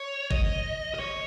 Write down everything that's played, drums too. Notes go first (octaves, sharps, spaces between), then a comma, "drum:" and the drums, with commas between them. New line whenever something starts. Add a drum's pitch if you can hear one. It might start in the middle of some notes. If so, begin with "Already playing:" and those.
Already playing: C#5
D#5, drum: kick
D#5
C#5